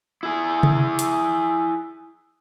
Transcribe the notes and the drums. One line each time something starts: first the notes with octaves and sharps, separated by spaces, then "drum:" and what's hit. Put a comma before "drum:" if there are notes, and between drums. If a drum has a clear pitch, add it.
E4 G#4
drum: tom C3
drum: hi-hat